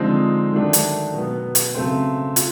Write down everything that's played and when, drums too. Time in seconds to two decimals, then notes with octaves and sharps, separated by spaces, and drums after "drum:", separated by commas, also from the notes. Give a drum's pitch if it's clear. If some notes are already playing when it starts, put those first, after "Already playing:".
Already playing: D3 F3 G#3 C4 D#4
0.53 D#3 F#3 A3 D4
0.73 drum: hi-hat
1.14 B2 F#3 B3
1.55 drum: hi-hat
1.75 C#3 F#3 A3 C4
2.36 F4, drum: hi-hat